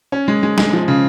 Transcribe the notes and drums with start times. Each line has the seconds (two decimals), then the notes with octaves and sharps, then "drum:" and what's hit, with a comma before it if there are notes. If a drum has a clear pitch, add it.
0.12 C#4
0.28 G#3
0.43 G#3
0.58 G#3, drum: snare
0.73 F3
0.88 C#3